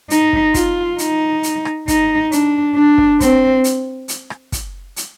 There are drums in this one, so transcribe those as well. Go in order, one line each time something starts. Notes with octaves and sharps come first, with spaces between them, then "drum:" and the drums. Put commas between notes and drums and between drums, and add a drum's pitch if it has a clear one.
D#4, drum: hi-hat
drum: kick
F4, drum: kick, hi-hat
D#4, drum: hi-hat
drum: hi-hat
drum: rim click
D#4, drum: kick, hi-hat
D4, drum: hi-hat
D4
drum: kick
C4, drum: kick, hi-hat
drum: hi-hat
drum: hi-hat
drum: rim click
drum: kick, hi-hat
drum: hi-hat